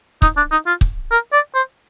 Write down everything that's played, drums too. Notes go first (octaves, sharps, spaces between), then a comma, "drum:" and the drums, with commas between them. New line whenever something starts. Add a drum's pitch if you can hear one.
D#4, drum: kick
D4
D#4
F4
drum: kick
A#4
D5
C5